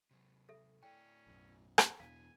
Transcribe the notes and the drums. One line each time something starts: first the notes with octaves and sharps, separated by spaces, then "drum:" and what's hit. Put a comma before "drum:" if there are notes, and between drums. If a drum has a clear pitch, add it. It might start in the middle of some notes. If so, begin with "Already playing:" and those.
C3 F#3
A4 E5
A2 C#4 E4 D5 G5
B1 F#2
drum: rim click
E2 B2 E3 F#3 D4 F5 G#5